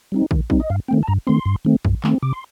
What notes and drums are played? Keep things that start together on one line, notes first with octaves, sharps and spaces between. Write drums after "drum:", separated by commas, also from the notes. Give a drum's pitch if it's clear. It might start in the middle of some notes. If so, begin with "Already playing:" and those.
G3 C4 D#4
D#3, drum: kick
G3 C4 D#4, drum: kick
D#5
G2 F5
D#3 A3 C4 G5
A5
G2 A#5
D#3 A3 C4 C6
G2
D#3 A3 C4
G2, drum: kick
D#3 A3 C4, drum: clap
C3 D6
C6